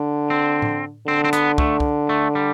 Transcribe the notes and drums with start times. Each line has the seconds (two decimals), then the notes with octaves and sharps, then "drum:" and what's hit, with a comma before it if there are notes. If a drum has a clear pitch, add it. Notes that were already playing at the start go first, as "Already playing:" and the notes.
Already playing: D3
0.30 C4
0.62 drum: tom A2
1.07 D3 C4
1.25 C4
1.33 B3, drum: hi-hat
1.58 A3, drum: kick
1.80 drum: kick
2.09 A3
2.35 G3